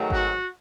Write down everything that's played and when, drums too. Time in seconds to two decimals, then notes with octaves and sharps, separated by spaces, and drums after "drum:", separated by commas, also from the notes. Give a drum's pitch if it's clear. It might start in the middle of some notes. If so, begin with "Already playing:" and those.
Already playing: G#2 D#3 F#3 A3
0.10 F#4, drum: kick G#1